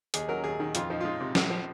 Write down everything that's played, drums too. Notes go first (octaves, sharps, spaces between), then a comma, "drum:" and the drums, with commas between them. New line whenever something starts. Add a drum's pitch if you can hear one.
D#2 G#4, drum: hi-hat
F#3 A#4
D#2 G#4
D#3
F2 F4, drum: hi-hat
F3 D#4
F4
G#3 D#4
C3
A#1, drum: snare
F3